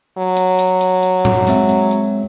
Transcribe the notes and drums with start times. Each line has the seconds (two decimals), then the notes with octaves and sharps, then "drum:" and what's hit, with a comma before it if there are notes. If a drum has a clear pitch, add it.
0.18 F#3
0.37 drum: hi-hat
0.59 drum: hi-hat
0.81 drum: hi-hat
1.03 drum: hi-hat
1.25 drum: tom A2
1.47 G#3 C4 E5, drum: hi-hat
1.69 drum: hi-hat
1.91 drum: hi-hat